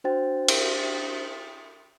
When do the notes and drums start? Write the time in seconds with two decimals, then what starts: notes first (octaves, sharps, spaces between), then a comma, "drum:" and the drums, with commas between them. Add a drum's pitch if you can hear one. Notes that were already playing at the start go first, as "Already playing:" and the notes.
0.04 D4 F#4 C5 G5 A6
0.49 drum: cymbal